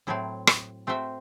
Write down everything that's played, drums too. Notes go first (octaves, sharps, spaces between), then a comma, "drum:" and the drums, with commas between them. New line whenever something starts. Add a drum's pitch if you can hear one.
A2 F#3 C4 E4 A4
drum: rim click
A3 C4 F#4 C5 E5